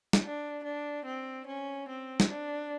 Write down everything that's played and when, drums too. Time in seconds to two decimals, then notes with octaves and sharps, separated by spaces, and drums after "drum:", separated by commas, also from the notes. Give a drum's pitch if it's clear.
0.13 drum: snare
0.23 D4
0.64 D4
1.05 C4
1.47 C#4
1.88 C4
2.20 drum: snare
2.29 D4